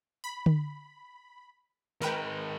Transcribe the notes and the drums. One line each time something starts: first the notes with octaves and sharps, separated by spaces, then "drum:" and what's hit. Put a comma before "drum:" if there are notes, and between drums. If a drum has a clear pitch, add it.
B5
drum: tom D3
D#3 G#3 A#4 B4 G5